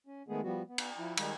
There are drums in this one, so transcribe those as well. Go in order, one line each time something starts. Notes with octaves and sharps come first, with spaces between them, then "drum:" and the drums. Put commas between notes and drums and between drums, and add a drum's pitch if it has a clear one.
C#4
D#3 G#3 A3 B3 G#4
F3 G3 B3 F#4
B3
drum: cymbal
F3 E4
D#3 G3 G#3, drum: cymbal